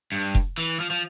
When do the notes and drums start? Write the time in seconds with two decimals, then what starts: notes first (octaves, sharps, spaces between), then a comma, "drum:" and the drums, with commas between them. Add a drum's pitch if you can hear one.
0.12 G2
0.35 drum: kick F1
0.58 E3
0.80 F3
0.90 F3